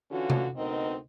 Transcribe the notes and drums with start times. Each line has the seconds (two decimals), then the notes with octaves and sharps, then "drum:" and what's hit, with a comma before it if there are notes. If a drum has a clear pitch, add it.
0.11 D3 E3 C#4 F4 F#4
0.30 drum: tom C3
0.56 D2 B3 C4 D#4 A#4 D#5